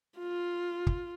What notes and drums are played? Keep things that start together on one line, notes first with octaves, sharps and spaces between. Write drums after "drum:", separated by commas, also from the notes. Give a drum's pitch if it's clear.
F4
drum: kick